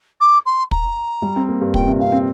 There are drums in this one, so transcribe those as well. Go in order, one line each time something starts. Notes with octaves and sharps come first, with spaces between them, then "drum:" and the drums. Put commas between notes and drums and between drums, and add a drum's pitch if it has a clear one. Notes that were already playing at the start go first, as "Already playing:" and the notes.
D6
C6
A#5, drum: kick
G3
C4
A#3
G2
A#2 G5, drum: kick
C3
C4 F5
C4